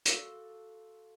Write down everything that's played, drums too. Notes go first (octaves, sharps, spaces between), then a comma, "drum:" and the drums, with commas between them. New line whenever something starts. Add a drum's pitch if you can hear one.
F#4 A4 F5 C6 D6 E6, drum: hi-hat